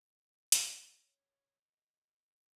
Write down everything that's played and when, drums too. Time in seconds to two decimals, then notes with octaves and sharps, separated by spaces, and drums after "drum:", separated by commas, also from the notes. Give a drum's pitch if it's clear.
0.20 C2
0.52 drum: hi-hat
0.95 C#5
1.60 D#5